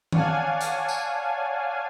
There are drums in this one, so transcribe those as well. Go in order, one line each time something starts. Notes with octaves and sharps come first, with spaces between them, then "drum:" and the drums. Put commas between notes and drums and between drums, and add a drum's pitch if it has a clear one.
C#5 D5 F5 F#5 G#5 A5, drum: tom D#3
drum: hi-hat
drum: tambourine